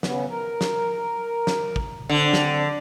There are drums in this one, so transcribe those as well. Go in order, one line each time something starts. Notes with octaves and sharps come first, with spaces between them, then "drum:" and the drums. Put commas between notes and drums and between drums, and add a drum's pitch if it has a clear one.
C#3 B3, drum: snare
A#4
drum: snare
drum: snare
drum: kick
D3 C4 D4
drum: snare